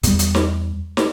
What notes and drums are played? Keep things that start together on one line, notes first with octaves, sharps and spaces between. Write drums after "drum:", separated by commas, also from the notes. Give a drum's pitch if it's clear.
E2 G3, drum: hi-hat
drum: hi-hat
drum: snare
drum: snare